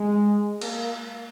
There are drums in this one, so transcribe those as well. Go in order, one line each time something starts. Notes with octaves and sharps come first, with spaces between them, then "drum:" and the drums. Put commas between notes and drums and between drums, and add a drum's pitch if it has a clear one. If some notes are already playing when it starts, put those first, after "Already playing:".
Already playing: G#3
A#3, drum: cymbal